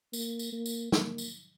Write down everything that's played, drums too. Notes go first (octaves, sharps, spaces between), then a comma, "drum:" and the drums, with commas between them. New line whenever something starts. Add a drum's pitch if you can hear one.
A#3, drum: tambourine
drum: tambourine
A#3
drum: tambourine
A#3, drum: snare
drum: tambourine